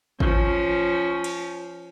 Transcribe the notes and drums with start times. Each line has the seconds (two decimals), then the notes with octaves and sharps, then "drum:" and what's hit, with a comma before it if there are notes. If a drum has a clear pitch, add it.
0.20 F3 C#4, drum: kick G#1
1.24 drum: cymbal